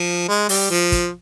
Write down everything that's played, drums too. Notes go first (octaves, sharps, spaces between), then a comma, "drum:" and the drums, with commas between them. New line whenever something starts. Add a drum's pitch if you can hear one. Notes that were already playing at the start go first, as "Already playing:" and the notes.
Already playing: F3
G#3
G3, drum: open hi-hat
F3
drum: kick, hi-hat